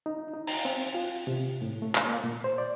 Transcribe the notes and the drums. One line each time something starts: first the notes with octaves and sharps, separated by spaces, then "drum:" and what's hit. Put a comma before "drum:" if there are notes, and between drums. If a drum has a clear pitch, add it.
D#4
D#4
A#5, drum: open hi-hat
C4
F4
C3
A2
A3
drum: clap
A#3
A#2
C5
D5